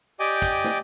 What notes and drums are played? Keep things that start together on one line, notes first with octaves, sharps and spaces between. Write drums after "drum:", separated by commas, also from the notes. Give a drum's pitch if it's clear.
G4 D5 D#5 G5 G#5 D6
drum: kick, hi-hat
drum: snare